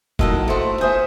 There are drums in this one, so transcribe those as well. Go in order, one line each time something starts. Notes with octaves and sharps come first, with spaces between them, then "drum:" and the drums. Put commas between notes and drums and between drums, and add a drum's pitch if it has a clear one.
A2 F#3 A#3 D#4 F4 A4 F#5, drum: kick
A3 E4 F#4 A4 C5 C6
F4 G#4 C5 E5 D#6 G6